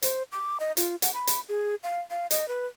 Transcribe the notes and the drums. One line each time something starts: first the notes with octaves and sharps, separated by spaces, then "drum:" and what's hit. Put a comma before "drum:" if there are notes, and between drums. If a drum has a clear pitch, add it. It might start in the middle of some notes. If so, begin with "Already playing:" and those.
C5, drum: hi-hat
D6
D#5
F4, drum: hi-hat
F#5, drum: hi-hat
B5
drum: hi-hat
G#4
F5
F5
D#5, drum: hi-hat
B4